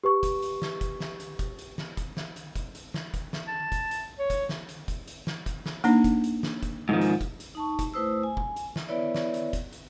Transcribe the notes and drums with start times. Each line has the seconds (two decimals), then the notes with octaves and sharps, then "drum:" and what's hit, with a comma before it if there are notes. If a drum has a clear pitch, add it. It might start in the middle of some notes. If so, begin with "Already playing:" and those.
0.04 G4 B4 C#6
0.23 drum: kick, hi-hat
0.42 drum: hi-hat
0.62 drum: snare
0.81 drum: kick, hi-hat
1.00 drum: snare
1.20 drum: hi-hat
1.39 drum: kick, hi-hat
1.59 drum: hi-hat
1.78 drum: snare
1.97 drum: kick, hi-hat
2.17 drum: snare
2.36 drum: hi-hat
2.56 drum: kick, hi-hat
2.75 drum: hi-hat
2.94 drum: snare
3.14 drum: kick, hi-hat
3.33 drum: snare
3.48 A5
3.72 drum: kick, hi-hat
3.91 drum: hi-hat
4.19 C#5
4.30 drum: kick, hi-hat
4.49 drum: snare
4.69 drum: hi-hat
4.88 drum: kick, hi-hat
5.07 drum: hi-hat
5.27 drum: snare
5.46 drum: kick, hi-hat
5.66 drum: snare
5.84 A#3 D4 D#4, drum: hi-hat
6.04 drum: kick, hi-hat
6.24 drum: hi-hat
6.43 drum: snare
6.63 drum: kick, hi-hat
6.89 G#2 D#3 F3
7.01 drum: hi-hat
7.21 drum: kick, hi-hat
7.40 drum: hi-hat
7.55 D#4 A5 C#6
7.79 drum: kick, hi-hat
7.94 A3 E4 B4 C5 D#6 E6
8.23 G#5
8.37 drum: kick
8.56 drum: hi-hat
8.76 drum: snare
8.88 B3 E4 B4 C#5 D5 E5
9.15 drum: snare
9.34 drum: hi-hat
9.53 drum: kick, hi-hat
9.73 drum: hi-hat